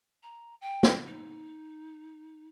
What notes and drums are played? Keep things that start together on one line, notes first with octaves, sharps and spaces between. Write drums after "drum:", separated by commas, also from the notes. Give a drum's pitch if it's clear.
A#5
G5
drum: snare
D#4